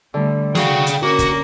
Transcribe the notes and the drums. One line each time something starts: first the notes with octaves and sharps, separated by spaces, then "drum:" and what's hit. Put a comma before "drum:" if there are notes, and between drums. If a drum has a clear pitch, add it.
D3 G3 A3
F#4 G#4 F5 G5, drum: snare
drum: hi-hat
A#3 C#4 F#4 A#4
drum: kick, hi-hat